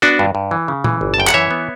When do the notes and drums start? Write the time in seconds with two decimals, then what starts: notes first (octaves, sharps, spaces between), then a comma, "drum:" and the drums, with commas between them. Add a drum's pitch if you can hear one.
0.02 B3 D4 F#4
0.19 G2
0.35 G2
0.51 E3
0.68 C#3
0.84 E3, drum: tom A#2
1.01 G1
1.14 A5
1.18 F#2 G5
1.27 F#5, drum: clap
1.34 E3 C#5 E5
1.51 B3